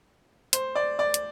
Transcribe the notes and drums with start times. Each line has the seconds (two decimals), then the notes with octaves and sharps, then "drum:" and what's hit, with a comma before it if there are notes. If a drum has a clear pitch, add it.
0.53 C5, drum: hi-hat
0.75 D5
0.99 D5
1.14 drum: hi-hat